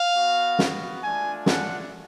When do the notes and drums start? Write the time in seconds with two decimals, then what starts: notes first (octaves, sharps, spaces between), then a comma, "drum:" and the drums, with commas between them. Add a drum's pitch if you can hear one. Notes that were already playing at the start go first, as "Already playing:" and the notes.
Already playing: F5
0.15 B3 F#4
0.59 drum: snare
1.02 A3 D4 F4 G#5
1.46 F#5, drum: snare